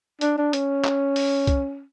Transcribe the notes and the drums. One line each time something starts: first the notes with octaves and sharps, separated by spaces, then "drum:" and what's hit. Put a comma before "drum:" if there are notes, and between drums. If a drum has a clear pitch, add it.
D4, drum: hi-hat
D4
C#4, drum: hi-hat
drum: clap
drum: open hi-hat
drum: kick C2, hi-hat